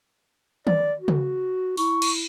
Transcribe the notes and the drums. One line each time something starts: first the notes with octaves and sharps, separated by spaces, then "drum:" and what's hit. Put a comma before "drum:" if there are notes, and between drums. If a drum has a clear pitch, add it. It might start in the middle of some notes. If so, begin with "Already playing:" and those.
D5, drum: tom D#3
F#4
drum: tom C#3
E4 C#6, drum: open hi-hat
drum: cymbal